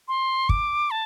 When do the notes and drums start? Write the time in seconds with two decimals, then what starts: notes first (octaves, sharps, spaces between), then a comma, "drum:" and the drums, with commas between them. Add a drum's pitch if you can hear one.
0.08 C6
0.49 D6, drum: kick
0.91 A5